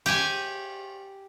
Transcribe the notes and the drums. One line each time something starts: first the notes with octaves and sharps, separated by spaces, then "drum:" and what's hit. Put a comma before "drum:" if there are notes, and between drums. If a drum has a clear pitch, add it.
G4 G#5, drum: cymbal